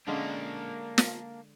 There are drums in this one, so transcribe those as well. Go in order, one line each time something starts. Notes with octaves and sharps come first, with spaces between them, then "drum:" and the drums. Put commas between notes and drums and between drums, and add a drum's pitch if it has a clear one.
D3 G#3 A#3 C#4 D4
drum: snare